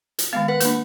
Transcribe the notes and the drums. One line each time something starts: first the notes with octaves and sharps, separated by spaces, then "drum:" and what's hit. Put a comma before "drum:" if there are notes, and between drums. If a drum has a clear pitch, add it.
drum: hi-hat
D#3 G#3 B3 F5
B4 F#5
A#3 D4, drum: hi-hat